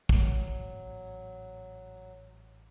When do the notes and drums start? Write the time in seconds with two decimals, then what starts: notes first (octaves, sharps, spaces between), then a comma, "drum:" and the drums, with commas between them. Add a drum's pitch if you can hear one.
0.09 A1 G#2 F#3 B3, drum: kick